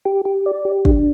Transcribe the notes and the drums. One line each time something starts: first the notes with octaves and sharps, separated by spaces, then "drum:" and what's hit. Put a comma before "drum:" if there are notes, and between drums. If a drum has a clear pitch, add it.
G4
G4
D5
G4
D4, drum: kick